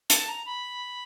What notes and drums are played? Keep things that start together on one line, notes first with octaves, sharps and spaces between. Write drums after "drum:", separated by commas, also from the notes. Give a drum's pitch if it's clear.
A5, drum: hi-hat
A#5
B5